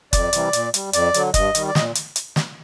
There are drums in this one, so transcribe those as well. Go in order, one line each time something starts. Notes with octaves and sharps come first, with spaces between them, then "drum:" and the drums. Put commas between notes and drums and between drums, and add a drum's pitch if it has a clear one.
F2 D5, drum: kick F#1, hi-hat
C3 E3 G3, drum: hi-hat
A#2, drum: hi-hat
G3, drum: hi-hat
F2 D5, drum: hi-hat
D3 F#3, drum: hi-hat
G2 D#5, drum: kick F#1, hi-hat
D#3 G3, drum: hi-hat
D5
A#2 D#5, drum: snare
drum: hi-hat
drum: hi-hat
drum: snare